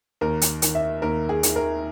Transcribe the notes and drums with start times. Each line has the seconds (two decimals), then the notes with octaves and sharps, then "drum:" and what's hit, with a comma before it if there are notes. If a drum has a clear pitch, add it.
0.21 D#2 A#4
0.42 drum: hi-hat
0.62 D#3, drum: hi-hat
0.75 E5
1.02 D#2 A#4
1.29 G#4
1.43 D#3, drum: hi-hat
1.56 A#4